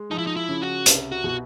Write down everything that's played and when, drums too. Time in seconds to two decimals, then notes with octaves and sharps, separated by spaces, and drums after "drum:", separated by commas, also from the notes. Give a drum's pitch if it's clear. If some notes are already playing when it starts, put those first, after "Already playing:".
Already playing: G#3
0.11 F3 D#4
0.18 E4
0.27 D#4
0.36 E4
0.49 C#3
0.62 F#4
0.86 C2, drum: hi-hat
1.12 F#4
1.24 B2